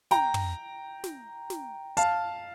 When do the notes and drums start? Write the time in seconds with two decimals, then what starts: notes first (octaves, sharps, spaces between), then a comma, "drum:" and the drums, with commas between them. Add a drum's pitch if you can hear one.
0.11 G5 A#5, drum: snare
0.34 drum: tom
1.04 drum: snare
1.50 drum: snare
1.97 F5 A5, drum: hi-hat